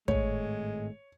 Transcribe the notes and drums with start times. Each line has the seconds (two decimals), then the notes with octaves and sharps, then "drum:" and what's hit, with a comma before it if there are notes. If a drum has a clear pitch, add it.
0.08 G#1 A2 G#3 A3 C#5, drum: kick